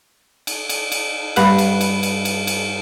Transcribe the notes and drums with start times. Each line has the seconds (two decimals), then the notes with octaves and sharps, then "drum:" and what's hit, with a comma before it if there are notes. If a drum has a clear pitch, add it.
0.47 drum: cymbal
0.69 drum: cymbal
0.92 drum: cymbal
1.36 G2 B4 F#5 F#6, drum: cymbal
1.58 drum: cymbal
1.81 drum: cymbal
2.03 drum: cymbal
2.25 drum: cymbal
2.47 drum: cymbal